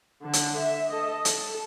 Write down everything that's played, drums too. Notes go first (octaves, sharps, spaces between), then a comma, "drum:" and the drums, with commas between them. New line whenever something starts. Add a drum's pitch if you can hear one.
D3 A4
drum: hi-hat
E5
A4 D#5
A4, drum: hi-hat